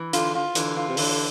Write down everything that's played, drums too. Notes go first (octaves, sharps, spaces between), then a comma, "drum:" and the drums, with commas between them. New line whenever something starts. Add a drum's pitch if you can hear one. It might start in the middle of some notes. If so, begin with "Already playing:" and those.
Already playing: E3
D3 F4, drum: hi-hat
F4
D3 E3, drum: hi-hat
F4
C3
D3 E3, drum: open hi-hat